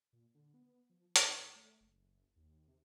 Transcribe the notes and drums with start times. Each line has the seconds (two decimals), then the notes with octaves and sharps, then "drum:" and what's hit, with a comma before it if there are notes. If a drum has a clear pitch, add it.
0.13 A#2
0.34 D3
0.54 B3
0.89 F3
1.16 D#2, drum: hi-hat
1.56 A3
1.81 F#1
2.36 D#2
2.68 C3